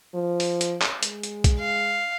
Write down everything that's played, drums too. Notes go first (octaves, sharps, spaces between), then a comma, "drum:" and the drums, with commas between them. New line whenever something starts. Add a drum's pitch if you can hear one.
F3
drum: open hi-hat
drum: hi-hat
drum: clap
G#3, drum: hi-hat
drum: hi-hat
drum: kick B1, hi-hat
F5